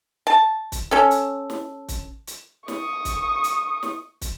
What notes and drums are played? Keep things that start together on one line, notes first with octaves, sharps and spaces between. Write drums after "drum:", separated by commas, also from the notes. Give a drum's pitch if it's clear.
A5
drum: kick, hi-hat
C#4 A4
drum: hi-hat
drum: snare
drum: kick, hi-hat
drum: hi-hat
C#6 D#6, drum: snare
drum: kick, hi-hat
drum: hi-hat
drum: snare
drum: kick, hi-hat